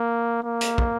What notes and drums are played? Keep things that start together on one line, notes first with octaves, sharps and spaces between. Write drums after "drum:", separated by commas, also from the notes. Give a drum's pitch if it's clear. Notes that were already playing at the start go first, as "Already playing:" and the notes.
Already playing: A#3
A#3
drum: hi-hat
drum: kick